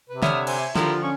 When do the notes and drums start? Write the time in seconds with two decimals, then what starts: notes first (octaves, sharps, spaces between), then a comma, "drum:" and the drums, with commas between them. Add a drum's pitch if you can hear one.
0.09 C3 B4
0.22 D3 C#5 E5 B5 D#6 F6, drum: snare
0.47 C5 G#5, drum: cymbal
0.76 D3 F3 E4 F4 G4 A#4, drum: snare
1.03 C#4 C#6